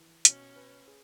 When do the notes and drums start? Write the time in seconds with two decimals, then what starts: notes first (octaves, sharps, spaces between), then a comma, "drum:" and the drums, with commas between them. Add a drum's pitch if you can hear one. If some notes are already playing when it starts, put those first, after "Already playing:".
Already playing: E3
0.25 B2 C#4, drum: hi-hat
0.56 B4
0.87 G#4